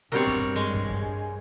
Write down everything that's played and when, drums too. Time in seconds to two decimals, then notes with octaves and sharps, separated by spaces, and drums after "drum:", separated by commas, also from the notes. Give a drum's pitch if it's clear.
0.12 G2 B2 G3 C4 A#4 C#5
0.27 drum: kick
0.56 G#3
0.75 drum: kick
0.90 drum: kick